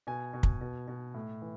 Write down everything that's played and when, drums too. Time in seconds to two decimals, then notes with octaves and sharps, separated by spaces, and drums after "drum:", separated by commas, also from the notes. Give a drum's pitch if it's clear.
0.07 B2 G#5
0.34 B2
0.43 drum: kick
0.61 B2
0.88 B2
1.14 A2
1.42 E3